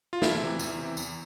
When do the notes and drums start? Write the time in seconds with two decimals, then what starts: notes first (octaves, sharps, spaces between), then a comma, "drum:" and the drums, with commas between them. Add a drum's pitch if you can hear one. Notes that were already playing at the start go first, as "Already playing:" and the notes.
0.13 F4
0.22 E2 E4, drum: snare
0.40 C3 E3
0.59 E2, drum: tambourine
0.78 C3 E3
0.97 E2, drum: tambourine